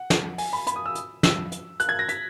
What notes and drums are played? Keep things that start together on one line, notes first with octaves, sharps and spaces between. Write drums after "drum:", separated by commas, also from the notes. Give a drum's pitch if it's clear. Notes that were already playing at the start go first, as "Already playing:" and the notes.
Already playing: F#5
drum: snare
G#5, drum: open hi-hat
B5
B5, drum: hi-hat
D#6
E6
drum: hi-hat
E6, drum: snare
drum: hi-hat
F#6, drum: hi-hat
G#6
A#6
B6, drum: hi-hat